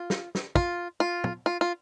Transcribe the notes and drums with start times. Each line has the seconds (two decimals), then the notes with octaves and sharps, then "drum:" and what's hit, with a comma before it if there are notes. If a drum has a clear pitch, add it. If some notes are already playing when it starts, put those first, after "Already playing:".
Already playing: F4
0.10 drum: snare
0.35 drum: snare
0.55 F4, drum: kick
1.00 F4
1.24 drum: tom
1.46 F4
1.61 F4